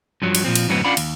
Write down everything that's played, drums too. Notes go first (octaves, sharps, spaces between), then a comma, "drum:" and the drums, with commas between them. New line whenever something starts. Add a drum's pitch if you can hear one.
G2 F3 F#3
drum: cymbal
A#2 F3 C4
drum: cymbal
F#2 A2 D3 F#3 B3 C4
C#4 D4 F4 D5 F#5 B5
D#2, drum: cymbal